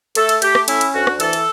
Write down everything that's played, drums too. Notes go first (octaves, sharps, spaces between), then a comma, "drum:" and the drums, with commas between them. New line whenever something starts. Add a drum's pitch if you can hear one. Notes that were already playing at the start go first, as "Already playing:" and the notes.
A3 A4, drum: cymbal
drum: cymbal
A3 G4, drum: cymbal
drum: rim click
C#4 E4, drum: cymbal
drum: cymbal
D2 F#4
drum: rim click
E3 A4, drum: cymbal
drum: cymbal